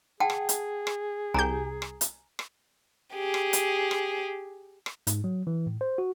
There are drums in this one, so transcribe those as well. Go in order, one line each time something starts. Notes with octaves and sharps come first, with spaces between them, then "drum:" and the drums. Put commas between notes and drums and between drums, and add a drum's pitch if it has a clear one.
G#4 F#5 G5 A5
drum: rim click
drum: hi-hat
drum: rim click
C2 G4 G#5 A#5 G6
drum: rim click
drum: hi-hat
drum: rim click
G4 G#4
drum: rim click
drum: hi-hat
drum: rim click
drum: rim click
G#2, drum: hi-hat
F#3
E3
A2
C5
F#4